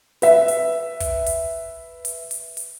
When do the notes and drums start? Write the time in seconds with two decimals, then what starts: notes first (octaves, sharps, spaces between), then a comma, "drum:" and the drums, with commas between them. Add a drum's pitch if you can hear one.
0.22 B4 E5, drum: hi-hat
0.48 drum: hi-hat
1.00 drum: kick, hi-hat
1.26 drum: hi-hat
2.05 drum: hi-hat
2.31 drum: hi-hat
2.57 drum: hi-hat